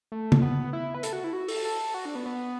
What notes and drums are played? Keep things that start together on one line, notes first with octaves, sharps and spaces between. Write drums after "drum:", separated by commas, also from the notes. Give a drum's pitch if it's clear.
A3
drum: tom
B3
E4
B4
A4, drum: hi-hat
F#4
E4
F#4
A4, drum: open hi-hat
A4
F#4
D4
B3
B3